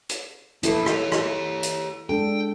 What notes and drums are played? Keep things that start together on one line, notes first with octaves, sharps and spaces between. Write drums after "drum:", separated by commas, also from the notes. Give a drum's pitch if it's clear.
drum: hi-hat
F3 A#3 E4 A4 B4, drum: hi-hat
G4 C#5, drum: rim click
drum: rim click
drum: hi-hat
G#3 D4 A4 G5